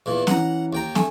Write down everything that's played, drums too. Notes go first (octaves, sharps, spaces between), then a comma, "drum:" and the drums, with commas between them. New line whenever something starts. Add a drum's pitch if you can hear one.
E2 A#2 E3
E3 C#4 F#5 A#5, drum: snare
D#2 G5 A#5
A3 G#5, drum: snare